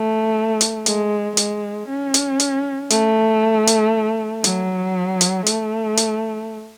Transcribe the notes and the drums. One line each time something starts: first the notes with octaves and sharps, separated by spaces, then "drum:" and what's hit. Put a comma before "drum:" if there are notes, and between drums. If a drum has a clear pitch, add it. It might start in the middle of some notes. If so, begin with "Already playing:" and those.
Already playing: A3
drum: hi-hat
G#3, drum: hi-hat
G#3, drum: hi-hat
C#4
drum: hi-hat
drum: hi-hat
A3, drum: hi-hat
drum: hi-hat
F#3, drum: hi-hat
drum: hi-hat
A3, drum: hi-hat
drum: hi-hat